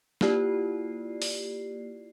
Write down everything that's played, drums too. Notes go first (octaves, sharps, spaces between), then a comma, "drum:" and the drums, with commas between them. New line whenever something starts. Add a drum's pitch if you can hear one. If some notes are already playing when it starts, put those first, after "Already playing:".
A#3 E4 F4 G4 D5 C7, drum: snare
drum: open hi-hat